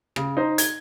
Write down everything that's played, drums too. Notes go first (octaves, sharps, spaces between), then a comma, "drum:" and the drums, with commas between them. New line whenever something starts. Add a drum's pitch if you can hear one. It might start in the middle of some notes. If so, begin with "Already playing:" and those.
C#3, drum: rim click
D#4 C5
G#6 G7, drum: hi-hat